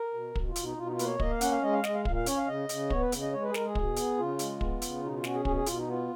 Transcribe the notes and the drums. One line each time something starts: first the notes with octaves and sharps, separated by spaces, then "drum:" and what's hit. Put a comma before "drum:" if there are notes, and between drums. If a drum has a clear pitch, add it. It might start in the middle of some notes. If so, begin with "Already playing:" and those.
Already playing: A#4
B2
B2, drum: kick
F4
B2, drum: hi-hat
D#4
B2 F4
D#4
F4
A#3 B4, drum: hi-hat
C#5
A#3 D#5, drum: kick
F5
C#4 F#5, drum: hi-hat
F5
G#3 D#5
F5
G#3 D#5, drum: snare
F5
A#2 F5, drum: kick
F5
C#4 C#5, drum: hi-hat
F5
C#3 D#5
C#3, drum: hi-hat
B3 C#5, drum: kick
B4
C#3, drum: hi-hat
D#5
G#3 C#5
B4
G#4
G#3 A#4, drum: snare
G#4
B2, drum: kick
B3, drum: hi-hat
C#3 F4
G#3, drum: hi-hat
B3, drum: kick
C#3, drum: hi-hat
B2 D#4
F4
C#4 F#4, drum: snare
G#4
B2 G#4, drum: kick
G#4
B2 F4, drum: hi-hat
D#4
B3 F4